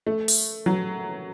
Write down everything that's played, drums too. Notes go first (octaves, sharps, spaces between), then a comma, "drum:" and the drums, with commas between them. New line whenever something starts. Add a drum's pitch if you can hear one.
A3
drum: open hi-hat
F#3